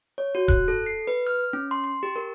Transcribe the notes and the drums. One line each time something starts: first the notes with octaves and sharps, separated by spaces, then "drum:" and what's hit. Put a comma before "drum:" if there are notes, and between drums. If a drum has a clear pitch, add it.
C#5
F#4
F#6, drum: kick D#1
A4
C7
B4
F6
C#4
C6
C6
G4
A#4